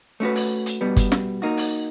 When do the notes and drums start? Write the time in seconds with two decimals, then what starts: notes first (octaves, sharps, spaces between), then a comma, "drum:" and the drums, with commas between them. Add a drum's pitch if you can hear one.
0.20 A3 C#4 F#4 B4
0.35 drum: open hi-hat
0.66 drum: hi-hat
0.81 B2 G3 B3
0.96 drum: kick G1, hi-hat
1.12 drum: snare
1.42 A#3 D#4 F#4
1.57 drum: open hi-hat